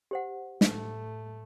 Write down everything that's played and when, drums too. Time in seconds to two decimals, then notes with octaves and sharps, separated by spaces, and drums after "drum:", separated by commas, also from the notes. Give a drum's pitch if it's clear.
0.11 G4 C5 F#5
0.61 A2 A3, drum: snare